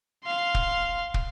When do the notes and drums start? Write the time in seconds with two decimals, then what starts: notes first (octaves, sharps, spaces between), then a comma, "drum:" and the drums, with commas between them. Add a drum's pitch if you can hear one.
0.25 F5 C6
0.54 drum: kick
1.14 drum: kick